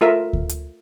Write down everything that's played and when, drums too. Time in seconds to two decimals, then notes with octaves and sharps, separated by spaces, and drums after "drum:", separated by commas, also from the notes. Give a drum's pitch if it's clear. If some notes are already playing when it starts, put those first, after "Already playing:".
0.01 A3 F4 A#4 E5
0.33 drum: kick D2
0.49 drum: hi-hat